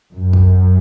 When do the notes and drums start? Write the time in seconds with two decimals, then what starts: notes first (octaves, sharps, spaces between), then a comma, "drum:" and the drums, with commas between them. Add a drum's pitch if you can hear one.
0.12 F#2
0.33 drum: kick